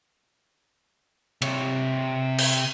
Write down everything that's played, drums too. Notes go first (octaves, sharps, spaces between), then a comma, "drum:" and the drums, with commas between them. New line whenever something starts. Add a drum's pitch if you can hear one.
C3 C#5, drum: cymbal
drum: cymbal